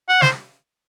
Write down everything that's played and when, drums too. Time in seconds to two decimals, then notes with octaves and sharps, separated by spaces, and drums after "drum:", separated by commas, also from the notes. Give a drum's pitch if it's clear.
0.09 F#5
0.22 C5, drum: snare